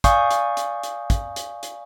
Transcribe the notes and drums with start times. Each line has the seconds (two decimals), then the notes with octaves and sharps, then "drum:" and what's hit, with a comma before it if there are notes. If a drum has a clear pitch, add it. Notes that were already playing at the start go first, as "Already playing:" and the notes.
0.04 D5 F5 G#5 C#6 D#6 G6, drum: kick, hi-hat
0.31 drum: hi-hat
0.57 drum: hi-hat
0.83 drum: hi-hat
1.10 drum: kick, hi-hat
1.36 drum: hi-hat
1.63 drum: hi-hat